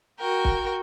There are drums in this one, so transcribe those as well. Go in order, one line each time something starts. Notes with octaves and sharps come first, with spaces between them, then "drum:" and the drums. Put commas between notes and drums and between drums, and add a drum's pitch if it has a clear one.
F#4 A#4 G5
drum: kick